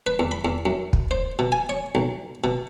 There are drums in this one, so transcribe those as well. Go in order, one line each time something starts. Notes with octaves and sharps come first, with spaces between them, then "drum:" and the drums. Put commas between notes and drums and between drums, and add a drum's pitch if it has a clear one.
B4
E2
B5
E2
F#2
drum: kick
C5
B2
G#5
C#5
B1
B2